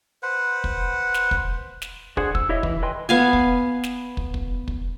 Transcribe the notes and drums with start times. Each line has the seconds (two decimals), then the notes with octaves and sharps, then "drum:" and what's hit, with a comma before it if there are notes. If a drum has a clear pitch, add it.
0.23 B4 C5 F#5
0.64 drum: kick
1.14 drum: snare
1.31 drum: kick
1.82 drum: snare
2.17 D4 G#4 C5 F#5, drum: kick
2.35 E6, drum: kick
2.49 E4 G4 C#5 D#5 E5
2.63 E3, drum: kick
2.83 B4 D#5 G5 G#5 C6
3.09 B3 F5 G#5
3.33 drum: kick
3.83 drum: snare
4.17 drum: kick
4.34 drum: kick
4.68 drum: kick